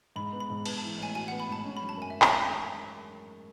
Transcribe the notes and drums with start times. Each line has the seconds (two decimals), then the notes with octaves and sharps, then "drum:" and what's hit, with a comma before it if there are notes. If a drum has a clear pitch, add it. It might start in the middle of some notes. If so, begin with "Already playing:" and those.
0.16 G#2 B5
0.32 B3
0.40 B5
0.50 G#2
0.66 B3 A5, drum: cymbal
0.78 E3 A5
0.98 A1 G#5
1.15 F#4 G#5
1.28 B3 F#5
1.40 B5
1.48 G#2 A5
1.65 C#4
1.77 B5
1.82 F#3
1.89 A5
1.97 F#2 G#5
2.10 E5
2.22 drum: clap